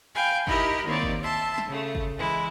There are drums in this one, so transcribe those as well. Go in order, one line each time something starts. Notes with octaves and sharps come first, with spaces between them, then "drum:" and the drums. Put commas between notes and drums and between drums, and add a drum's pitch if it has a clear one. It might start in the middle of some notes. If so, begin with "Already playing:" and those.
F5 G5 G#5 B5
D#4 E4 G4 A#4 D#5 B5, drum: kick G1
D#3 A#3 C4 C#5 D5
drum: kick G1
E5 A5 C6
drum: snare
C#3 A3
drum: kick G1
E3 G#3 E4